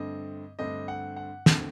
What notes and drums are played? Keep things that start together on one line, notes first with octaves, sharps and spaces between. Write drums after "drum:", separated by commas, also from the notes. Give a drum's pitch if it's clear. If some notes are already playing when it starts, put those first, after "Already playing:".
Already playing: G2 D3 A3 C4 D#5
G2 D3 A3 C4 D#5
F#5
F#5
D3 A3 C4, drum: snare